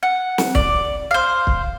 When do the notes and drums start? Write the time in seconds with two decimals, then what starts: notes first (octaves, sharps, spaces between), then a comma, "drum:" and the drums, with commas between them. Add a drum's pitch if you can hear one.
0.03 F#5
0.38 drum: snare
0.55 D5, drum: kick
1.11 C5 F5
1.47 drum: kick